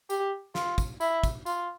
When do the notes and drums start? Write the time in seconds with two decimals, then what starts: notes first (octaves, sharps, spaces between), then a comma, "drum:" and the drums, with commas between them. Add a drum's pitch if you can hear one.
0.10 G4, drum: tambourine
0.55 F4, drum: snare
0.78 drum: kick, tambourine
1.01 E4, drum: tambourine
1.24 drum: kick, tambourine
1.46 F4, drum: tambourine